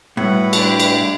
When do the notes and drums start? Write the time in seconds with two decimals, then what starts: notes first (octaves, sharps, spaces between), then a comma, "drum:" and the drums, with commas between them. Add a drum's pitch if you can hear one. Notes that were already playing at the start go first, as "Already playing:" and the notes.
0.17 A2 G3 E4 F#4 B4 F#5
0.53 D4 G4, drum: cymbal
0.80 drum: cymbal